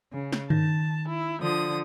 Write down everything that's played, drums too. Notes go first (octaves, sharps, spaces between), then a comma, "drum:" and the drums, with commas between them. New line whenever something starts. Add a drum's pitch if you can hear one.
C#3
drum: snare
D#3 A5, drum: tom G2
E4
D3 F3 D#6